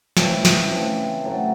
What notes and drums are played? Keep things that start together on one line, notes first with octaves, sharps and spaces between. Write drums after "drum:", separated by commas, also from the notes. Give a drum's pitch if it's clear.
C#3 E3 A3 C4, drum: snare
drum: snare
C#3 E3 A3 C4
A2 F#3 A3